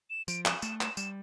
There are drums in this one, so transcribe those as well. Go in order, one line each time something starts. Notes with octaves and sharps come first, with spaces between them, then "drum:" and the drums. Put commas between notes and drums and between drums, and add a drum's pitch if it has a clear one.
E7
F3 D7, drum: tambourine
E7, drum: clap
A3 E7, drum: tambourine
E7, drum: clap
G3 E7, drum: tambourine